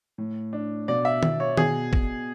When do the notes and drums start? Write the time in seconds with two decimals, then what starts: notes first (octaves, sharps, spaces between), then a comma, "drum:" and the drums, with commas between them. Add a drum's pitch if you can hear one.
0.18 A2
0.53 D4
0.88 B2 D5
1.05 E5
1.23 B2, drum: tom D#3
1.40 C#5
1.57 B2 G#4, drum: tom D#3
1.93 B2, drum: kick